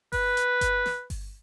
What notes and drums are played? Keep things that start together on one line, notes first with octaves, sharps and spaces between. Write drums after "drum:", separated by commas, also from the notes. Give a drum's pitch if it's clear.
B4, drum: kick G1, open hi-hat
drum: hi-hat
drum: kick G1, hi-hat
drum: snare
drum: kick G1, open hi-hat